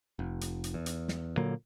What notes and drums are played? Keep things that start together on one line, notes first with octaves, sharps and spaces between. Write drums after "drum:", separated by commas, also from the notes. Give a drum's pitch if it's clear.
F1
drum: hi-hat
drum: hi-hat
E2
drum: hi-hat
drum: snare
A#2 D3 F#3 A#3